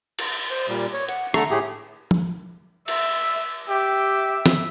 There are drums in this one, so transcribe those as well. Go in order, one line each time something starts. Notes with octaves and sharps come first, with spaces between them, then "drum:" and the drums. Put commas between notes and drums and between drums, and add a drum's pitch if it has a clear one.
drum: cymbal
C5
A#2 G3
C#5
F#5, drum: hi-hat
D3 A3 A4 A#5, drum: rim click
A2 A3 G4 G#4
drum: tom
E5, drum: cymbal
G4 E5
drum: snare